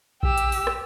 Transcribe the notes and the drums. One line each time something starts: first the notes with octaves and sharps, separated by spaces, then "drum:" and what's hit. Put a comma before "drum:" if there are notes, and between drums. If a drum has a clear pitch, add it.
G4 E6, drum: kick A#1
drum: hi-hat
drum: open hi-hat
drum: rim click